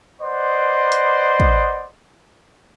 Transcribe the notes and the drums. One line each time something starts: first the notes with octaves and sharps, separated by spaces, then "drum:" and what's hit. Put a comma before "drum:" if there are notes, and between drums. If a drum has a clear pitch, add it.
B4 C5 D5 D#5 F#5 C6
drum: hi-hat
drum: kick